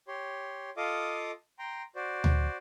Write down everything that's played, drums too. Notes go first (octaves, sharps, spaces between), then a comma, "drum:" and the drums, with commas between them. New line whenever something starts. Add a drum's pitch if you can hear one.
G4 C#5 C6
F4 A4 D#5 F5 D6 D#6
G5 A#5 C6
F#4 C5 D5
drum: tom D2